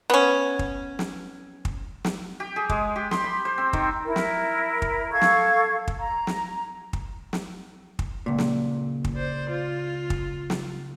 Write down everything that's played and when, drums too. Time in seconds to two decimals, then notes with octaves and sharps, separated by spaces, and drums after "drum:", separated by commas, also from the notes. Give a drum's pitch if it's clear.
0.10 B3 C#4
0.59 drum: kick
0.99 drum: snare
1.65 drum: kick
2.05 drum: snare
2.40 G4
2.56 G#4
2.69 G#3, drum: kick
2.96 G4
3.11 C6, drum: snare
3.24 B5
3.45 C5
3.58 C4
3.73 D#3, drum: kick
4.05 E4 A#4
4.16 drum: snare
4.82 drum: kick
5.12 A4 F5 C#6 G#6
5.21 drum: snare
5.88 drum: kick
6.01 A#5
6.27 drum: snare
6.93 drum: kick
7.33 drum: snare
7.99 drum: kick
8.26 C#2 A#2
8.38 drum: snare
9.04 drum: kick
9.15 C5 D5
9.51 F4
10.10 drum: kick
10.50 drum: snare